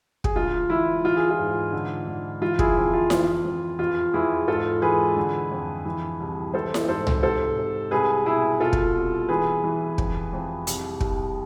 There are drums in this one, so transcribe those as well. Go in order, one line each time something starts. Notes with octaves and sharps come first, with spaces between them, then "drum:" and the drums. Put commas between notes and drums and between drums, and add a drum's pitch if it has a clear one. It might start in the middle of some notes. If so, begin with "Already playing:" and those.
G#4, drum: kick
D2 F4
E3 E4
E3 F4
G#4
F4
G#2
D3
D3
E3 F4
E4 G#4, drum: kick
F2 E4
F4
E3, drum: snare E4
F2
E2 F4
E2 E4 G#4
G#2 F4 A4
E3 G#4 B4
D3
F2
E3
C2
E3 A4 C5
drum: snare E4
G#2 A4 C5
drum: tom C2
C3 A4 C5
C3
C2 G#4 B4
B2 E4 G#4
B2 F4 A4
drum: kick
C2
E3 G#4 B4
E3
F2, drum: kick
F2
C2, drum: hi-hat
C2, drum: kick